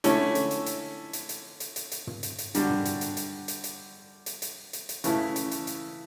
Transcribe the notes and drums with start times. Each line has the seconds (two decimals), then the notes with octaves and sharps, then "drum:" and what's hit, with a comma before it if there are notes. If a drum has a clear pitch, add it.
0.04 D3 A3 C#4 E4, drum: hi-hat
0.35 drum: hi-hat
0.51 drum: hi-hat
0.66 drum: hi-hat
1.13 drum: hi-hat
1.29 drum: hi-hat
1.60 drum: hi-hat
1.76 drum: hi-hat
1.92 drum: hi-hat
2.07 drum: tom
2.23 drum: hi-hat
2.38 drum: hi-hat
2.55 D3 G3 D4 F#4, drum: hi-hat
2.70 drum: tom
2.85 drum: hi-hat
3.01 drum: hi-hat
3.17 drum: hi-hat
3.48 drum: hi-hat
3.64 drum: hi-hat
4.26 drum: hi-hat
4.42 drum: hi-hat
4.73 drum: hi-hat
4.89 drum: hi-hat
5.04 C#3 E3 A3 E4, drum: hi-hat
5.36 drum: hi-hat
5.51 drum: hi-hat
5.67 drum: hi-hat